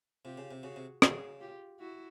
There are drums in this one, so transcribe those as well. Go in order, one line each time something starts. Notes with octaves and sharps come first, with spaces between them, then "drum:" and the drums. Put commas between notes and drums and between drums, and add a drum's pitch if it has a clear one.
C3 F4 G4
C#3
C3
C#3 F#4 G#4
C3
C#3 F#4 G#4, drum: rim click
F4 G4
E4 F#4